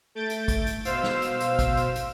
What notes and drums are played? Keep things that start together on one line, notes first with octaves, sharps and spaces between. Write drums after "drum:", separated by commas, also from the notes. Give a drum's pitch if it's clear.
A3 G6 A6 D7
drum: hi-hat
drum: kick, hi-hat
drum: hi-hat
B2 C5 F5 E6, drum: hi-hat
drum: snare
drum: hi-hat
drum: hi-hat
drum: kick, hi-hat
drum: hi-hat
drum: hi-hat